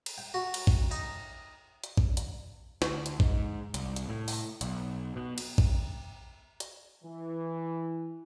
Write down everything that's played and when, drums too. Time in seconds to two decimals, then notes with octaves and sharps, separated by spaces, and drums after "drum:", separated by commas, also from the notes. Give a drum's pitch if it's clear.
0.06 drum: cymbal
0.18 G5
0.34 F#4
0.54 drum: cymbal
0.67 drum: kick
0.91 D#4, drum: tambourine
1.84 drum: hi-hat
1.97 drum: kick
2.17 drum: hi-hat
2.82 D2, drum: snare
3.06 drum: hi-hat
3.20 G#2, drum: kick
3.74 C2, drum: hi-hat
3.96 drum: hi-hat
4.09 A2
4.28 drum: open hi-hat
4.61 B1, drum: hi-hat
5.16 B2
5.38 drum: cymbal
5.58 drum: kick
6.60 drum: hi-hat
7.04 E3